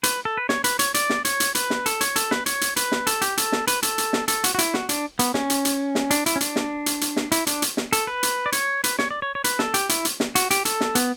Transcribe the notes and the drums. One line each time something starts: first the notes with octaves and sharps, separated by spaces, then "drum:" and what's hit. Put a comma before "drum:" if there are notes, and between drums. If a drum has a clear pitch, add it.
B4, drum: hi-hat
A4
B4
C#5, drum: snare
B4, drum: hi-hat
C#5, drum: hi-hat
D5, drum: hi-hat
drum: snare
C#5, drum: hi-hat
drum: hi-hat
B4, drum: hi-hat
drum: snare
A4, drum: hi-hat
C#5, drum: hi-hat
A4, drum: hi-hat
B4, drum: snare
C#5, drum: hi-hat
drum: hi-hat
B4, drum: hi-hat
drum: snare
A4, drum: hi-hat
G4, drum: hi-hat
A4, drum: hi-hat
drum: snare
B4, drum: hi-hat
A4, drum: hi-hat
drum: hi-hat
drum: snare
A4, drum: hi-hat
F#4, drum: hi-hat
F#4
E4, drum: hi-hat
F#4, drum: snare
D4, drum: hi-hat
B3, drum: hi-hat
C#4, drum: snare
drum: hi-hat
drum: hi-hat
drum: snare
D4, drum: hi-hat
E4, drum: hi-hat
C#4
D4, drum: hi-hat
drum: snare
drum: hi-hat
drum: hi-hat
drum: snare
E4, drum: hi-hat
D4, drum: hi-hat
drum: hi-hat
drum: snare
A4, drum: hi-hat
B4
drum: hi-hat
D5
C#5, drum: hi-hat
B4, drum: hi-hat
C#5, drum: snare
D5
C#5
C#5
B4, drum: hi-hat
A4, drum: snare
G4, drum: hi-hat
E4, drum: hi-hat
drum: hi-hat
drum: snare
F#4, drum: hi-hat
G4, drum: hi-hat
A4, drum: hi-hat
drum: snare
B3, drum: hi-hat